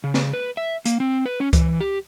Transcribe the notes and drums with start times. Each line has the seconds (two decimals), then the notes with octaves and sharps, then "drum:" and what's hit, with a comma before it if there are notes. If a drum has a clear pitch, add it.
0.04 C#3
0.14 drum: snare
0.33 B4
0.57 E5
0.85 A#3, drum: hi-hat
1.00 C4
1.26 B4
1.40 C#4
1.53 E3, drum: kick C#2, hi-hat
1.80 G4